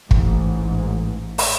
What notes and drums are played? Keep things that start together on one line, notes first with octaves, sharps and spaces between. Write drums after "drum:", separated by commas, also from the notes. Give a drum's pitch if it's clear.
A1 G#2, drum: kick
drum: open hi-hat